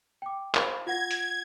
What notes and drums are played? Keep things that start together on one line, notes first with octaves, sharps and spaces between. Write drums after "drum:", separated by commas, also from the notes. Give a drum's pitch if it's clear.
G5 D6
C5 F5 B5, drum: clap
F4 F#5 G#6 A#6
drum: hi-hat